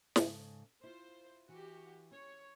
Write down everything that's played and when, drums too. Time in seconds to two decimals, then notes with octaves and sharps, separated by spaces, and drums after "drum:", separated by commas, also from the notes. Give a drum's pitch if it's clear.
0.16 G#2 C#3 A4, drum: snare
0.84 E4 F4 C5
1.49 E3 F#4 G4
2.11 C#4 C#5